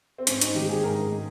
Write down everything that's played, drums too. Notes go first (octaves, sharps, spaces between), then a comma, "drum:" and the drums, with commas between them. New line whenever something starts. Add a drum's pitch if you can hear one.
C4
G#2 C#4, drum: hi-hat
D#4, drum: hi-hat
D#3 G#3 G4
G#4
G#2 A#4
G#3